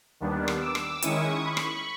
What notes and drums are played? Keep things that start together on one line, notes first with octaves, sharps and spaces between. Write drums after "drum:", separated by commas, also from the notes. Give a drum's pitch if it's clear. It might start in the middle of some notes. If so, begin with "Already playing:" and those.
D#2 D#3 G3 B3 D4
drum: rim click
D6 E6
drum: rim click
D#3 G#3 C#4 E4 C#6 D#6, drum: hi-hat
B5 C#6
drum: rim click